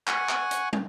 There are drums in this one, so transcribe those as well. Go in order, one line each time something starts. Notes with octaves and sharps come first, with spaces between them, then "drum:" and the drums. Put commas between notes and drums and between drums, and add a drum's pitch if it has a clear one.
F#5 G#5 C#6, drum: clap
drum: clap
drum: hi-hat
drum: tom